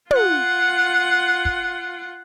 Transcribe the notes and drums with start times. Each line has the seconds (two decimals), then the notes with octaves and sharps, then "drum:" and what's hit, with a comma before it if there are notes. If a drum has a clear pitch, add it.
0.11 F4 F#5, drum: tom
1.45 drum: kick